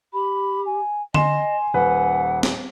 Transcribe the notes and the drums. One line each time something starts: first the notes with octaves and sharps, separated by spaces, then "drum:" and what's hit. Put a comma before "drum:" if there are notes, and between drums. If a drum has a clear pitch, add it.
G4 B5
G#5
D#5 G#5 C6 E7, drum: tom D3
D#1 B4 F#5
drum: snare